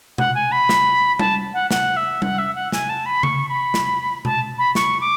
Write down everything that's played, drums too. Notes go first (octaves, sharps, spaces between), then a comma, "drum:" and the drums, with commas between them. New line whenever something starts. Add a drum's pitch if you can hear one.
F#5, drum: tom B2
G#5
B5
drum: snare
A5, drum: tom G3
F#5
F#5, drum: snare
E5
F#5, drum: tom G3
E5
F#5
G#5, drum: snare
A5
B5
C#6, drum: tom C#3
B5
drum: snare
A5, drum: tom B2
B5
C#6, drum: snare
D6